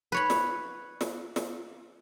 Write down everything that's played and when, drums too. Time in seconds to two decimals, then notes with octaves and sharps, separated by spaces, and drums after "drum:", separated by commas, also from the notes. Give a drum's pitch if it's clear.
0.12 B4 C#5 B5
0.30 drum: snare
1.01 drum: snare
1.36 drum: snare